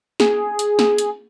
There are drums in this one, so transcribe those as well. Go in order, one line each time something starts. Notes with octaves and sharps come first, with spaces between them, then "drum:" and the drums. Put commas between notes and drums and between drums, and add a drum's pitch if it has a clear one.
G#4, drum: snare
drum: hi-hat
drum: snare
drum: hi-hat